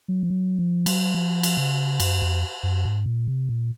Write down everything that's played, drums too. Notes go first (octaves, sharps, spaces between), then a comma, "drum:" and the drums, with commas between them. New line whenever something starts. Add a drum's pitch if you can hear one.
F#3
F3
F#3
F3
F#3, drum: cymbal
F3
drum: cymbal
C#3
F#2, drum: cymbal
F2
F#2
G#2
A#2
C3
A#2